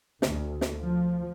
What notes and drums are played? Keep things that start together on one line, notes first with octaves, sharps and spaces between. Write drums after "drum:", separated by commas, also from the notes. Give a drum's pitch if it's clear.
D2, drum: snare
drum: snare
F3